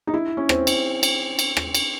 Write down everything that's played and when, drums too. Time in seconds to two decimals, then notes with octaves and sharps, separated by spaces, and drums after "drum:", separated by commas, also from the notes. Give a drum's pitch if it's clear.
0.07 D#4
0.14 E4
0.37 C#4
0.49 C4, drum: rim click
0.67 drum: cymbal
1.03 drum: cymbal
1.39 drum: cymbal
1.57 drum: rim click
1.75 drum: cymbal